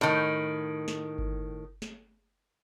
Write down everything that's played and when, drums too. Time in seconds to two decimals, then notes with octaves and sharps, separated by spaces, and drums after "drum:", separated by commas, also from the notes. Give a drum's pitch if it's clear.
0.01 A2 D#3, drum: snare
0.88 drum: snare
1.18 drum: kick G1
1.82 drum: snare